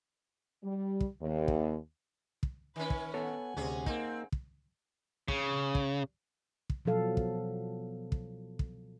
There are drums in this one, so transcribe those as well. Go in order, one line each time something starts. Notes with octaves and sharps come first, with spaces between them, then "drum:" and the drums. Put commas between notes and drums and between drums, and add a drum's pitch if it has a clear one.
G3
drum: kick
D#2
drum: kick
drum: kick
D#3 C#4 B4 G#5
drum: kick
B3 A4 C#5 F#5 G#5
D2 C3 C#4 G#4
A#3 C4 D#4, drum: kick
drum: kick
C#3, drum: kick
drum: kick
drum: kick
B2 F3 F#3 A4 F5
drum: kick
drum: kick
drum: kick